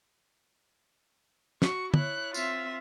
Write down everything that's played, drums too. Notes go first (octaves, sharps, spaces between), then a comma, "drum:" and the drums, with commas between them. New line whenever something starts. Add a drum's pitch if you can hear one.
F#4 C#6, drum: snare
E4 C#5 F#6, drum: tom
C4 F4 E5, drum: tambourine